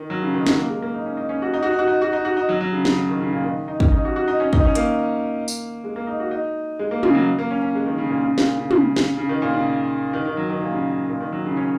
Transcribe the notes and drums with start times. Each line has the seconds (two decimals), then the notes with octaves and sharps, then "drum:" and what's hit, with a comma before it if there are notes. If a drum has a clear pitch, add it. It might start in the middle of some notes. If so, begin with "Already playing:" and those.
Already playing: D#3
0.10 F#3
0.22 C#3
0.34 D#3
0.47 F#3, drum: snare
0.58 A#3
0.69 G#3
0.82 A#3
0.94 D#4
1.06 C#4
1.17 D#4
1.29 C#4
1.42 F#4
1.53 D#4
1.63 F#4
1.71 D#4
1.79 F#4
1.87 D#4
2.02 F#4
2.13 D#4
2.25 F#4
2.37 D#4
2.49 F#3
2.61 F#3
2.72 C#3
2.85 C#3, drum: snare
2.97 F#3
3.09 D#3
3.21 C#3
3.33 A#2
3.44 D#3
3.68 D#4
3.80 C#4, drum: kick
3.92 D#4
4.05 F#4
4.16 F#4
4.28 D#4
4.40 C#4
4.53 D#4, drum: kick
4.65 C#4
4.75 A#3, drum: hi-hat
5.48 drum: tambourine
5.84 G#3
5.96 A#3
6.07 D#4
6.20 F#4
6.31 D#4
6.79 G#3
6.91 A#3
7.03 C#3, drum: tom
7.15 F#3
7.39 A#3
7.50 C#4
7.62 C#4
7.75 G#3
7.86 D#3
7.98 C#3
8.10 A#2
8.22 C#3
8.38 A#2, drum: snare
8.55 C#3
8.71 C#3, drum: tom
8.96 drum: snare
9.17 C#3
9.29 D#3
9.42 A#2
9.54 C#3
10.13 D#3
10.25 D#3
10.37 F#3
10.50 D#3
10.61 A#2
10.73 C#3
11.10 A#2
11.20 D#3
11.32 F#3
11.45 C#3
11.57 C#4